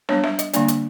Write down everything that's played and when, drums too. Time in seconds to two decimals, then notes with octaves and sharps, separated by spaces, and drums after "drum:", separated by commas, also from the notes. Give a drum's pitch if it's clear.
0.09 G3 B3 D4 C#5, drum: snare
0.24 E5, drum: snare
0.39 D#5, drum: hi-hat
0.53 D3 G3 A#3 D4 D5, drum: hi-hat
0.68 drum: hi-hat